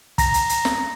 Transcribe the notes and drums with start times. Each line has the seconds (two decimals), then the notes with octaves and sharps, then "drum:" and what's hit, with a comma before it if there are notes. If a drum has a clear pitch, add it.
0.18 A#5 A#6, drum: kick, hi-hat
0.34 drum: hi-hat
0.49 drum: hi-hat
0.65 drum: snare